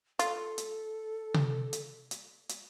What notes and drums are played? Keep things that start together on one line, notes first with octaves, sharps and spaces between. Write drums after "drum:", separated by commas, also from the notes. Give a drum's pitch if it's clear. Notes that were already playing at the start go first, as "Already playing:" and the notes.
F4 A4, drum: hi-hat
drum: hi-hat
drum: tom C3
drum: hi-hat
drum: hi-hat
drum: hi-hat